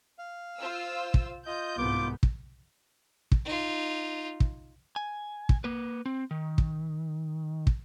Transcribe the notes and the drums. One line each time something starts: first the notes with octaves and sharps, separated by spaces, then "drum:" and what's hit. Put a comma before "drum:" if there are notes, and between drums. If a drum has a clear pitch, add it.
F5
F4 C5 E6
drum: kick
F4 D#5 G6
C2 G#2 B3 D6
drum: kick
drum: kick
D#4 F4
drum: kick
G#5
drum: kick
A#3 B4
C4
D#3
drum: kick
drum: kick